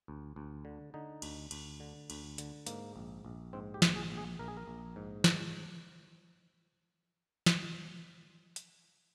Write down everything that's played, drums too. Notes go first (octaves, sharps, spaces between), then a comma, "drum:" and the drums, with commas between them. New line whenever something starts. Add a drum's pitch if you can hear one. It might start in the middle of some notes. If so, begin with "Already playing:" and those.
D2
D2
D3
D3 D#4
D2, drum: cymbal
D2, drum: cymbal
D3
D2, drum: cymbal
D3, drum: hi-hat
G#2 A#3, drum: hi-hat
A#1
A#1
G#2 C4
G4
A#1, drum: snare
G#4
A#1
G#4
A#1 A#4
G#4
A#4
A#1
G#2
drum: snare
drum: snare
drum: hi-hat